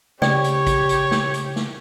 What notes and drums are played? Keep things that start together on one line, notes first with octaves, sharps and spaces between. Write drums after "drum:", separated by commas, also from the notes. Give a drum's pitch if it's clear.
C#3 G4 C#5 D5 G5, drum: snare
drum: hi-hat
drum: kick, hi-hat
drum: hi-hat
drum: snare
drum: hi-hat
drum: snare